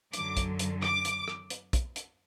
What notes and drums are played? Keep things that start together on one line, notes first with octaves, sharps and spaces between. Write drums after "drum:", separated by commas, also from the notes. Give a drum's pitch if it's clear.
F#2 D3 F#3 D6, drum: hi-hat
drum: kick, hi-hat
drum: hi-hat
D6, drum: rim click
drum: hi-hat
drum: rim click
drum: hi-hat
drum: kick, hi-hat
drum: hi-hat